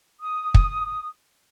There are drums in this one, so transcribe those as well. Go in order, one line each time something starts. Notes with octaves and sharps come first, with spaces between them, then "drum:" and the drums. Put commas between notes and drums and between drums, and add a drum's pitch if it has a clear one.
D#6
drum: kick